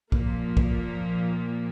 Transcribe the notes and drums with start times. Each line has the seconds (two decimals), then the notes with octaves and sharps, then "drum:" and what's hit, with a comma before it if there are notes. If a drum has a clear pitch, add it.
0.12 A#2 F3 A#3, drum: kick
0.57 drum: kick